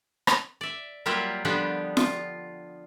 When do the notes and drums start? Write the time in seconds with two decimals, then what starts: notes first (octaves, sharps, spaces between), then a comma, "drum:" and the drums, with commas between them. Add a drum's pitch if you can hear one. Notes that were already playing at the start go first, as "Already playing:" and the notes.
0.27 drum: rim click
0.61 D5 E5
1.06 F#3 G3 A#3 F4 G4 E5
1.45 D3 F3 G3 B3 D4 G4
1.97 F4, drum: snare F4